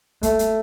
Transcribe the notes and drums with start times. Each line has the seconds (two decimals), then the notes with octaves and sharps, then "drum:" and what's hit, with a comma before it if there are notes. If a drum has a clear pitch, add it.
0.23 A3, drum: kick, hi-hat
0.39 drum: hi-hat